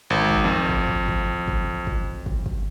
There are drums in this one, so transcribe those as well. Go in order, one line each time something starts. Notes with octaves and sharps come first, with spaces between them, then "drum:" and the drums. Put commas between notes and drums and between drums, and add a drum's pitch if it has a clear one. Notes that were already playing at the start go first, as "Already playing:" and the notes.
G#1
drum: kick
F2
drum: kick
drum: kick
drum: kick
drum: kick
drum: kick
drum: kick
drum: kick